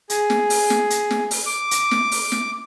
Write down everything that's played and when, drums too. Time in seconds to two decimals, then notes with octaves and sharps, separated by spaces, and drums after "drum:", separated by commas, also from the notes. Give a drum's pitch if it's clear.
0.10 G#4, drum: hi-hat
0.30 drum: snare
0.50 drum: open hi-hat
0.70 drum: snare
0.90 drum: hi-hat
1.11 drum: snare
1.31 drum: open hi-hat
1.46 D6
1.71 drum: hi-hat
1.91 drum: snare
2.12 drum: open hi-hat
2.32 drum: snare